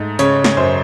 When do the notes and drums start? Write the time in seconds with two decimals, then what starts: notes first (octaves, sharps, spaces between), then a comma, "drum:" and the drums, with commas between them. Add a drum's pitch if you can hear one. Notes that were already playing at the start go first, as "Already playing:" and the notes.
Already playing: G#2 A3
0.19 C#3 C#5, drum: hi-hat
0.44 drum: snare
0.57 F#2 C5